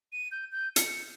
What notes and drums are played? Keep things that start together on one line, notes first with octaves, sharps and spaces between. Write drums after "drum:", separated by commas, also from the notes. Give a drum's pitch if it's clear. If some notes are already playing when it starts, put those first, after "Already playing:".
D#7
G6
G6
C#7, drum: hi-hat